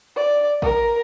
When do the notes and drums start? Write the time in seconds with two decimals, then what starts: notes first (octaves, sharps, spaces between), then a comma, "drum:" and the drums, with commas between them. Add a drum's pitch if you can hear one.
0.16 D5
0.62 A#4, drum: kick A1